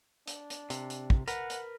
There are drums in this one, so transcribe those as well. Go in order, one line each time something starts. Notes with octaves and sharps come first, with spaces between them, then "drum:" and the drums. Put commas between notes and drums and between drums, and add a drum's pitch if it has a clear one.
D4, drum: hi-hat
drum: hi-hat
C3, drum: hi-hat
drum: hi-hat
drum: kick
A#4 B4 F#5, drum: hi-hat
drum: hi-hat